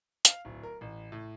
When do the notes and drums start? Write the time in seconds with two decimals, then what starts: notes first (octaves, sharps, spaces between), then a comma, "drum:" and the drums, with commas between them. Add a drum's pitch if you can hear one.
0.25 F5, drum: hi-hat
0.45 D1
0.63 A#4
0.81 A1
1.12 A2